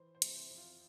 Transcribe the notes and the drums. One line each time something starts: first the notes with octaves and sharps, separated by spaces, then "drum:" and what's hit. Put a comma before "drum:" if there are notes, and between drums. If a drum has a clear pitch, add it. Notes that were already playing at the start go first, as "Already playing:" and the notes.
Already playing: E3 C5
C5
C3, drum: hi-hat
C5
F2
F4